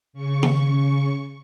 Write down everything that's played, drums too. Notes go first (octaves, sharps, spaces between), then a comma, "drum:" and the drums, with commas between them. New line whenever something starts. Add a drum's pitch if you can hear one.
C#3 C#6
drum: tom D#3